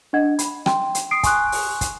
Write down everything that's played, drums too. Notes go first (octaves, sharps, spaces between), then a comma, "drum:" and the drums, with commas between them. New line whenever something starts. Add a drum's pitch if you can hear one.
D4 D#5 F#5 G#6
B5, drum: hi-hat
G5 C6, drum: rim click
drum: hi-hat
D#6 C7 D7
G#5 C6 C#6 D#6 F#6, drum: kick, hi-hat
drum: open hi-hat
drum: kick, hi-hat